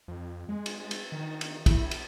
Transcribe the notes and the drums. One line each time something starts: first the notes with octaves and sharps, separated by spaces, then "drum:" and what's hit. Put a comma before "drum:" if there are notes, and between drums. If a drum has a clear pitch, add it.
F2
G#3
drum: cymbal
drum: cymbal
D#3
drum: cymbal
E4, drum: kick, cymbal
drum: cymbal